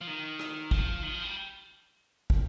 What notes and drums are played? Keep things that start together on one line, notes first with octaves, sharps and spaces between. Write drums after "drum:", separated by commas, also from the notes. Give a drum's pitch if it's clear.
F3
D#3
drum: rim click
F3, drum: kick
D#3
F3
G3
drum: kick